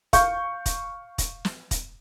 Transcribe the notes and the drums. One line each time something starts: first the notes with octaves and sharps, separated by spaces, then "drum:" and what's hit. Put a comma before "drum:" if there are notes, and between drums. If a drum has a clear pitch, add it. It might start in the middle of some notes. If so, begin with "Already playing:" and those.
F5 C#6 G6, drum: kick, hi-hat
drum: kick, hi-hat
drum: kick, hi-hat
drum: snare
drum: kick, hi-hat